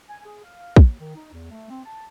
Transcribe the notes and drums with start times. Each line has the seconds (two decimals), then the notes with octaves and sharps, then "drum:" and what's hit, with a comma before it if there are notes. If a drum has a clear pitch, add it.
0.08 G#5
0.25 G#4
0.43 F5
0.76 D#2, drum: kick
0.99 D#3
1.15 D#4
1.32 E2
1.50 A3
1.69 C4
1.85 A5